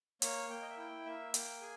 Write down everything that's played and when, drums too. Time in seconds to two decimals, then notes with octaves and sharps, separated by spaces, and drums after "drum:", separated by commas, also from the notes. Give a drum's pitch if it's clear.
0.22 A#3 C#5, drum: hi-hat
0.50 A#3 G5
0.62 D#5
0.70 E5
0.77 E4 G5
1.05 A#3 E5
1.34 A#3 G5, drum: hi-hat
1.61 G#4 G#5